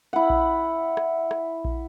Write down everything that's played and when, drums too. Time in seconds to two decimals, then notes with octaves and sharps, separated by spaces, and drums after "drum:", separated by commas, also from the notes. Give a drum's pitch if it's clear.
0.13 E4 F#5
0.30 drum: kick A#1
0.97 drum: rim click
1.31 drum: rim click
1.65 drum: kick A#1